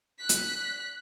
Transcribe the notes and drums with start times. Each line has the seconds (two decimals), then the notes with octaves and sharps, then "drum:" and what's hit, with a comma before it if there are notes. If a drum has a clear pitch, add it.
0.19 F#6 B6
0.29 drum: hi-hat